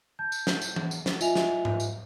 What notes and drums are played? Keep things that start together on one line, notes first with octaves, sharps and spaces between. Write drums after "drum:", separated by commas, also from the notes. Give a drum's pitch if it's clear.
A5 G6
drum: tambourine
drum: snare
drum: tambourine
drum: tom E3
drum: tambourine
drum: snare
F4 D#5 E5 G#5 F7, drum: tambourine
drum: snare
drum: tom G#2
drum: tambourine